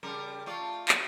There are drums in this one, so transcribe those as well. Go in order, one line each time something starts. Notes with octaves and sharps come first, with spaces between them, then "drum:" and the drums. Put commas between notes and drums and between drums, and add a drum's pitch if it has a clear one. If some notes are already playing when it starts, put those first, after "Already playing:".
C#3 G3 A#4
A3 F4 D5
drum: clap